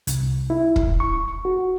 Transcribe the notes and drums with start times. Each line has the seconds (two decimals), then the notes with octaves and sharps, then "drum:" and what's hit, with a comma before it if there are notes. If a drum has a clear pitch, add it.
0.07 C2, drum: hi-hat
0.50 E4
0.76 drum: kick
1.00 C#6
1.45 F#4